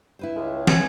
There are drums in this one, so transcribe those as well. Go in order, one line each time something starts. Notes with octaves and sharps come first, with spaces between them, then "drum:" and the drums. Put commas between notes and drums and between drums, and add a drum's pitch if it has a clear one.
E4 B4 C5
C#2
G#5 G#6 C#7, drum: snare